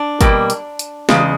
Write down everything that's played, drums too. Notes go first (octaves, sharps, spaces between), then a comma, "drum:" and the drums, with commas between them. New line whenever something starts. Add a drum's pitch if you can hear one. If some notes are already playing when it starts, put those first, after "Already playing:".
Already playing: D4
B2 G3 A#3, drum: kick, hi-hat
drum: hi-hat
drum: hi-hat
E2 C#3 G#3, drum: snare